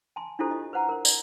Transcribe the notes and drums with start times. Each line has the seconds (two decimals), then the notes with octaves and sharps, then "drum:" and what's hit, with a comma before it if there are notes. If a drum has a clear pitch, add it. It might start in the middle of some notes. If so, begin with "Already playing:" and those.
0.16 G#5 A5 C6
0.39 D4 E4 F4 G4 A4 C5
0.51 D#5
0.73 B4 C5 F#5 A#5
0.89 A#4 C5
1.05 D5, drum: tambourine